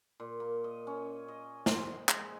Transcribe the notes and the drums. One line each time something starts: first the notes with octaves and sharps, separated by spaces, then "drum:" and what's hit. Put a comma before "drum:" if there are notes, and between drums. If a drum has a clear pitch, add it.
A#2
A#3
D#5
C#4
D#5
C5, drum: snare
G#3, drum: clap